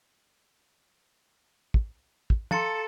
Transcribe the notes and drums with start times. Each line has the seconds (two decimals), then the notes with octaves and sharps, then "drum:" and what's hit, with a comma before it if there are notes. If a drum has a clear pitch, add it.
1.74 drum: kick
2.30 drum: kick
2.51 A4 F5 A5 A#5 C6 A6 C#7, drum: tom